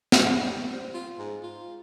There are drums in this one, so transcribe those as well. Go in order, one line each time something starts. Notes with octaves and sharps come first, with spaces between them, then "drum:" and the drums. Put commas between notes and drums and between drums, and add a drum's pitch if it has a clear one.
drum: snare
E2
G3
C4
F4
G#2
F4